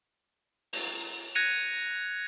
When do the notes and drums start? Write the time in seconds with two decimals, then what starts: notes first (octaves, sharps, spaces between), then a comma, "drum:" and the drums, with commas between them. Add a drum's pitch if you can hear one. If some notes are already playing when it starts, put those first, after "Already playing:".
0.73 drum: open hi-hat
1.35 F#6 G#6 A#6 C#7 D#7 F7